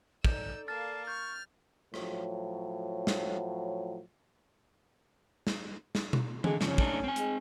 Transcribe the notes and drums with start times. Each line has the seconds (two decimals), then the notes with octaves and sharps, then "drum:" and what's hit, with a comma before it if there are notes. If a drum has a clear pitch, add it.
0.25 D#4 A4 D5 E6 G6, drum: kick
0.68 A#3 F5 A5 F6 A6
1.07 C#6 F6 G6 A6
1.94 A2 F3 F#3, drum: rim click
3.07 drum: snare
5.47 drum: snare
5.95 drum: snare
6.13 drum: tom B2
6.44 D3 G#3, drum: tom E3
6.61 F#2 C#3 F3 C#4, drum: snare
6.78 A3 D4 D#4, drum: kick
7.04 C4 G#5
7.16 G#3, drum: hi-hat